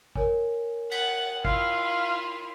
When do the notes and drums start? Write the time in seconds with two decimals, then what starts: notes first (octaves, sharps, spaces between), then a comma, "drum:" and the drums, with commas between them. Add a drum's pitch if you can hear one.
0.16 A#4 C#5 G#5, drum: kick
0.91 F#5, drum: cymbal
1.45 E4 F4 F5, drum: kick